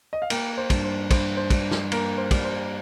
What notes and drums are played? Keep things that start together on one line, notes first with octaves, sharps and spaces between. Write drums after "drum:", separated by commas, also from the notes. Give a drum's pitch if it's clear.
D#5
F5
A#3 G5, drum: cymbal
C5
G2, drum: kick, cymbal
C5
G2 C5, drum: kick, cymbal
C5
G2, drum: kick, cymbal
drum: snare
A#3 A#4, drum: cymbal
C5
G3, drum: kick, cymbal
C5